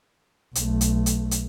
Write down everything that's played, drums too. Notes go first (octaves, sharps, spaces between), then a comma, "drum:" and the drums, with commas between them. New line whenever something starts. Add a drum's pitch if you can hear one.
B1 A3, drum: hi-hat
drum: hi-hat
drum: hi-hat
drum: hi-hat